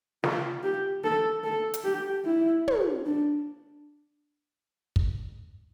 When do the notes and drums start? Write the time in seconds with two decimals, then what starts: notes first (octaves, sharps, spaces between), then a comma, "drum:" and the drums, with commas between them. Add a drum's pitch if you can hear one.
0.24 F4, drum: snare
0.63 G4
1.04 A4
1.44 A4
1.74 drum: hi-hat
1.84 G4
2.25 E4
2.68 drum: tom
3.06 D4
4.96 drum: kick